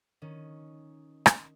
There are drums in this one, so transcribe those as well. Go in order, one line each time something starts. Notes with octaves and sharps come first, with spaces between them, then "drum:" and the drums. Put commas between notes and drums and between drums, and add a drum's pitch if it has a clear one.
D#3 C#4
drum: rim click